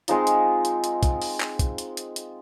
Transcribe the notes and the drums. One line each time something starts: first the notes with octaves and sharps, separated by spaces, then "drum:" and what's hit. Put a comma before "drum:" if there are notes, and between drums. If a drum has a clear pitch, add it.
G#3 C4 D#4 F4, drum: hi-hat
drum: hi-hat
drum: hi-hat
drum: hi-hat
drum: kick, hi-hat
drum: open hi-hat
drum: clap
drum: kick, hi-hat
drum: hi-hat
drum: hi-hat
drum: hi-hat